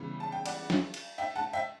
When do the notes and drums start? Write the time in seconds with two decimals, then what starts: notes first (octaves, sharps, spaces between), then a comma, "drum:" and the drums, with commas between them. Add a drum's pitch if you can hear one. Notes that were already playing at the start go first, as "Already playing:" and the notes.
Already playing: C#3 E3 G3 B3
0.20 A5
0.32 G5
0.46 D5 F#5, drum: cymbal
0.70 drum: snare
0.94 drum: cymbal
1.18 E5 G5
1.36 F#5 A5
1.53 E5 G5